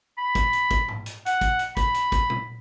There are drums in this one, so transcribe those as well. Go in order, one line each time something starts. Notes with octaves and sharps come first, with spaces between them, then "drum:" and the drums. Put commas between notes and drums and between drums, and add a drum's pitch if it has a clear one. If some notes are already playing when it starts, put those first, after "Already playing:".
B5
drum: kick, hi-hat
drum: hi-hat
drum: kick, hi-hat
drum: tom G#2
drum: hi-hat
F#5, drum: hi-hat
drum: kick, hi-hat
drum: hi-hat
B5, drum: kick, hi-hat
drum: hi-hat
drum: kick, hi-hat
drum: tom A#2